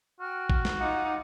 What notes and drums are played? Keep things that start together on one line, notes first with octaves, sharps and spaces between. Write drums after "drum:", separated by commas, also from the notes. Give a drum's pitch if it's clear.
F#4 G5 F6
drum: kick A1
drum: snare
D#4 F4 F#5 D6